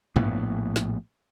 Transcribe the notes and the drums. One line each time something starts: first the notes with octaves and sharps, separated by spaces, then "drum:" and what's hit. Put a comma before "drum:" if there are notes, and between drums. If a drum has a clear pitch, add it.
A#1 A2 B3, drum: tom G2
drum: snare